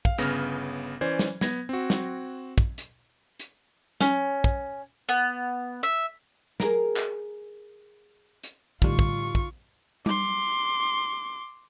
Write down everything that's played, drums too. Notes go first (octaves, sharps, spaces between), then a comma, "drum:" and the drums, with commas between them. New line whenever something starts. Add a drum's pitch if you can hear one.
F5, drum: kick
G1 C#3 B3 F6 A#6, drum: hi-hat
E3 C#4 C5 D5 G#6
drum: snare
B3 G#6 A#6, drum: snare
C4 F#4
drum: snare
drum: kick
drum: hi-hat
drum: hi-hat
C#4, drum: snare
drum: kick
B3
E5
G#4 A#4, drum: snare
drum: clap
drum: hi-hat
A2 D3 G3 D#4 F4 C#6, drum: kick
drum: kick
drum: kick
C6 D6, drum: tom G3